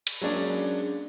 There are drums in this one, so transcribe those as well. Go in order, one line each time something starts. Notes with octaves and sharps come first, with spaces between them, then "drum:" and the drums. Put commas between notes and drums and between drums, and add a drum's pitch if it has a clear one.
drum: cymbal
F#3 G#3 A#3 C#4 D4